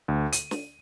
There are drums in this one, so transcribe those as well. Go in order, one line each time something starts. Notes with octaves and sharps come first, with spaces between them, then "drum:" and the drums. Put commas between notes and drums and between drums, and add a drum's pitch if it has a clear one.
D2
D#7, drum: hi-hat
drum: snare